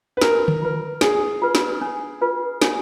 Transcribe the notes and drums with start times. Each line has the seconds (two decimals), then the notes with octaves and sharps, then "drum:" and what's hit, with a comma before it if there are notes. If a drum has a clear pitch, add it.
0.17 B4
0.22 D4 A#4, drum: snare
0.48 drum: tom D3
0.62 F4 B4
1.01 D4 G#4, drum: snare
1.42 F4 B4
1.55 drum: snare
1.82 D4
2.21 F4 B4
2.62 D4, drum: snare